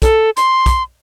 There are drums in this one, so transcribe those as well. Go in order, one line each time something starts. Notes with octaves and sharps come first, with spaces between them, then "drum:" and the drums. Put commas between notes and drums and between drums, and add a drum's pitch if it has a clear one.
A4, drum: kick, hi-hat
C6, drum: hi-hat
drum: kick, hi-hat